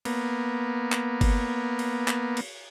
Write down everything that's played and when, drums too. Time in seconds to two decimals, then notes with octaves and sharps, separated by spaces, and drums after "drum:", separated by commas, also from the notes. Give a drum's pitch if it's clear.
0.05 A#3 B3, drum: cymbal
0.92 drum: clap
1.21 drum: kick G1, cymbal
1.79 drum: cymbal
2.08 drum: clap
2.37 drum: cymbal